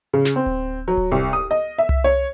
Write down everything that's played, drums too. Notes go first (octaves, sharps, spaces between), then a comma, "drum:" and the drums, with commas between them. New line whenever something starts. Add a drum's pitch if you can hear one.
C#3
drum: snare
C4
drum: kick D1
F#3
drum: kick D1
C2
D#6
D#5, drum: hi-hat
E5
drum: tom C2
C#5